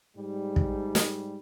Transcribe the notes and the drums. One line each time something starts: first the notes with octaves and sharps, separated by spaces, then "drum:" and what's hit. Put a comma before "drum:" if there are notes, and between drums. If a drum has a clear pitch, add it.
G#2 G3
drum: kick
drum: snare